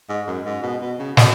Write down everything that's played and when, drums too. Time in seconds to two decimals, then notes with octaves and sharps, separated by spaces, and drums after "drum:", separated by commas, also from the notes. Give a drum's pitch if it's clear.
0.09 G#2
0.28 F#2
0.46 G#2
0.63 B2
0.81 B2
0.99 C#3
1.17 B2, drum: snare